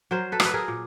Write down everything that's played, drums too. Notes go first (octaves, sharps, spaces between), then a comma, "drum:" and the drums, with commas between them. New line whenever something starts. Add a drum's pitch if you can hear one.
F#3 A#4 C5
A4 B4
F#3, drum: rim click
B4
G#4 A#4
A#2